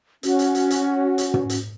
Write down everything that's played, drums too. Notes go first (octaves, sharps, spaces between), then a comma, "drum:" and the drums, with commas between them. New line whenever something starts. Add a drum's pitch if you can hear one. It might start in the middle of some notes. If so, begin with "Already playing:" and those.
C#4 F#4, drum: hi-hat
drum: hi-hat
drum: hi-hat
drum: hi-hat
drum: hi-hat
drum: tom
drum: hi-hat